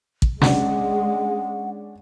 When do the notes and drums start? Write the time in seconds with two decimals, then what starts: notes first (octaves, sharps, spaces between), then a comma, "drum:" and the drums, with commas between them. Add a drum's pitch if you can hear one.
0.22 drum: kick
0.42 G#3 C#4 D4 F#5, drum: snare